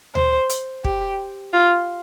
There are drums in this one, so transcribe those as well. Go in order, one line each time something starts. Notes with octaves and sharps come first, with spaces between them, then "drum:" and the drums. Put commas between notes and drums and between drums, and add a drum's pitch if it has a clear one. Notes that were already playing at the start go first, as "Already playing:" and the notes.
C5, drum: tom D2
drum: hi-hat
G4, drum: kick
F4